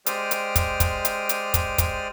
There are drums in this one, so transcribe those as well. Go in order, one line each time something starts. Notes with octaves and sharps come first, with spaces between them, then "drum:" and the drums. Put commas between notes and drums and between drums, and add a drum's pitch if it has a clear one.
G#3 G4 C5 D5 D#6 F6, drum: hi-hat
drum: hi-hat
drum: kick, hi-hat
drum: kick, hi-hat
drum: hi-hat
drum: hi-hat
drum: kick, hi-hat
drum: kick, hi-hat